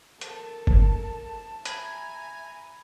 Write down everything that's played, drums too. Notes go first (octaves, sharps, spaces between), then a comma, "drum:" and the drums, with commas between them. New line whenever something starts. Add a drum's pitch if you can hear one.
A4 A#4 A5, drum: hi-hat
drum: kick G1
E5 G#5 A#5 B5 G#6, drum: hi-hat